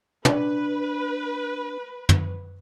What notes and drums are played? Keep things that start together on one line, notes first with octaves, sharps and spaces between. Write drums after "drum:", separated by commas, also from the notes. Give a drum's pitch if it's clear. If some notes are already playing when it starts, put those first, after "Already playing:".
D4 B4, drum: tom
drum: tom